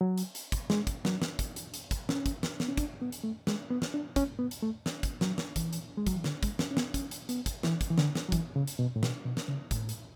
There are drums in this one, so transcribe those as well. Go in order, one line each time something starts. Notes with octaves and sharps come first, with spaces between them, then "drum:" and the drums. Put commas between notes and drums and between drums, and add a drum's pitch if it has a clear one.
F#3
drum: hi-hat
drum: hi-hat
drum: kick, hi-hat
G#3, drum: snare
drum: kick, hi-hat
F#3, drum: snare
drum: snare
drum: kick, hi-hat
drum: hi-hat
drum: hi-hat
drum: kick, hi-hat
C#4, drum: snare
drum: kick, hi-hat
drum: snare
B3, drum: snare
C#4
D4, drum: kick, hi-hat
B3
drum: hi-hat
A3
G#3, drum: snare
B3
drum: snare
D4
C#4, drum: kick, hi-hat
B3
drum: hi-hat
A3
drum: snare
drum: kick, hi-hat
F#3, drum: snare
drum: snare
E3, drum: kick, hi-hat
drum: hi-hat
G#3
F#3, drum: kick, hi-hat
E3
D3, drum: snare
G#3, drum: kick, hi-hat
C#4, drum: snare
C#4
B3, drum: snare
C#4, drum: kick, hi-hat
drum: hi-hat
B3, drum: hi-hat
drum: kick, hi-hat
E3, drum: snare
drum: kick, hi-hat
E3
D3, drum: snare
drum: snare
F#3
E3, drum: kick, hi-hat
C#3
drum: hi-hat
B2
A2
B2, drum: snare
B2
drum: snare
C#3
A2, drum: kick, hi-hat
drum: hi-hat